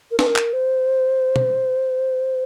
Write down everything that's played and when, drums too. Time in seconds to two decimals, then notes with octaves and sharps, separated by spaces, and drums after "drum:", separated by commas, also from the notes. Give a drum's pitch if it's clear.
0.11 A#4
0.19 B4, drum: snare
0.27 A#4
0.36 drum: clap
0.53 C5
1.36 drum: tom